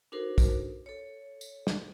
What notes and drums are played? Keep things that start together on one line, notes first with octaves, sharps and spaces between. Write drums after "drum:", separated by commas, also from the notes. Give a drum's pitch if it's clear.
D4 D#4 F#4 A4 A#4 C5
drum: kick, tambourine
A4 C#5
drum: tambourine
drum: snare